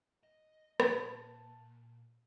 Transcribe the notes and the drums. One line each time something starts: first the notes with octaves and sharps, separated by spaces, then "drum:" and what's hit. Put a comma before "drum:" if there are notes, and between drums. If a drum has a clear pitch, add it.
D#5
A#2 A5, drum: rim click